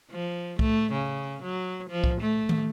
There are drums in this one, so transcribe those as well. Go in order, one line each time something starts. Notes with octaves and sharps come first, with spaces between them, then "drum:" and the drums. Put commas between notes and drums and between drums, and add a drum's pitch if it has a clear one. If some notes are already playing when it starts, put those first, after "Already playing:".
F3
A3, drum: kick
C#3
F#3
F3
drum: kick
A3
drum: tom